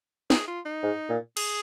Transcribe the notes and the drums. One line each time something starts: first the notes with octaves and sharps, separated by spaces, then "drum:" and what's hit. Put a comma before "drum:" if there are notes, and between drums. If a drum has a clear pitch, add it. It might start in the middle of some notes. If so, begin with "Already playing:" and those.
G#4, drum: snare
F4
D#4
G#2
A#2
G#4, drum: cymbal